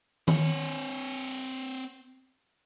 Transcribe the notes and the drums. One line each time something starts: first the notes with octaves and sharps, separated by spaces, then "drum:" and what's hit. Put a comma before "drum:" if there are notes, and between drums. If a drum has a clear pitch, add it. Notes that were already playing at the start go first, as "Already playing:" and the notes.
C4 C#5, drum: tom D#3